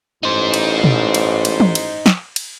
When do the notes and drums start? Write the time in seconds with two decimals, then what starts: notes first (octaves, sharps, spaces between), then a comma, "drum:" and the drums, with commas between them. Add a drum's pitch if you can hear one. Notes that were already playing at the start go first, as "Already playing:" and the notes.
0.23 A1 D#4 C5
0.54 drum: cymbal
0.84 drum: tom
1.14 drum: cymbal
1.45 drum: cymbal
1.60 drum: tom
1.75 drum: cymbal
2.06 drum: snare
2.36 drum: cymbal